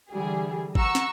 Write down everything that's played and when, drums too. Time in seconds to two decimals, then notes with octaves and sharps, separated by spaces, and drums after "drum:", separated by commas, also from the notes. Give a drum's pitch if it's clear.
0.10 D3 E3 G3 G#4
0.75 F#5 A#5 C#6 E6 C#7, drum: kick G#1
0.95 drum: snare